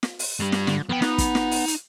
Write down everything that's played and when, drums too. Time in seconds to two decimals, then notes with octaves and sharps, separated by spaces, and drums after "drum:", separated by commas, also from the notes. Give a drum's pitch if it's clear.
0.03 drum: snare
0.19 drum: open hi-hat
0.40 G2 G3
0.52 drum: snare
0.67 D3, drum: snare
0.89 F2 B3 G5
1.02 D#4, drum: snare
1.18 drum: kick, hi-hat
1.35 drum: snare
1.51 drum: open hi-hat
1.68 drum: hi-hat